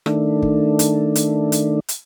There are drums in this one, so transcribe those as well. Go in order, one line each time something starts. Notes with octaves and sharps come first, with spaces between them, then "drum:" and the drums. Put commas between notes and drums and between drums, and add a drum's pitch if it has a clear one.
D#3 A3 D4, drum: rim click
drum: kick
drum: hi-hat
drum: hi-hat
drum: hi-hat
drum: hi-hat